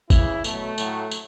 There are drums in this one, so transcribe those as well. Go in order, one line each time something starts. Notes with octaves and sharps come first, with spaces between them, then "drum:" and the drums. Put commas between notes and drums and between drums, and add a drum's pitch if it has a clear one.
C#3 E3 E4, drum: kick, tambourine
B2 F#3 A3, drum: tambourine
A2 F#3, drum: tambourine
drum: tambourine